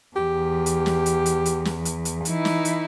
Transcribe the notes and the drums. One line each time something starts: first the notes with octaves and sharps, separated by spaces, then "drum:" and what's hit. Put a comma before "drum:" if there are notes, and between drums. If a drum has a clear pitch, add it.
E2 G4
drum: hi-hat
drum: snare
drum: hi-hat
drum: hi-hat
drum: hi-hat
drum: snare
drum: hi-hat
drum: hi-hat
E3 D#4 E4, drum: hi-hat
drum: snare
drum: hi-hat